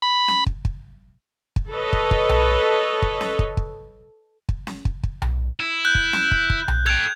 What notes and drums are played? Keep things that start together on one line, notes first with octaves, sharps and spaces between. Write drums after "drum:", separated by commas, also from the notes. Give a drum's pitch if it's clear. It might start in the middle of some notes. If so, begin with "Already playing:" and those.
B5
drum: snare C#4
drum: kick
drum: kick
drum: kick
A4 B4 C#5 D#5
drum: kick
drum: kick
drum: tom B1
drum: kick
drum: snare C#4
drum: kick
drum: kick
drum: kick
drum: snare C#4
drum: kick
drum: kick
drum: tom B1
E4
F#6 G6
drum: kick
drum: snare C#4
drum: kick
drum: kick
drum: tom B1
A4 G5 G#6 F7